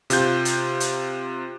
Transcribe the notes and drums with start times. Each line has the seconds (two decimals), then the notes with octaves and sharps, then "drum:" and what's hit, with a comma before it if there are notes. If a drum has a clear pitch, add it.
0.10 C3 F4 G6, drum: hi-hat
0.45 drum: hi-hat
0.80 drum: hi-hat